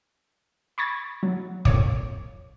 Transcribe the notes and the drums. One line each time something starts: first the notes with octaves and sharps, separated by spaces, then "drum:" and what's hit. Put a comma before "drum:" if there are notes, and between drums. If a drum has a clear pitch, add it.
B5 C#6 G#6 A6
F#3
F2 A#2 C#5 D6, drum: kick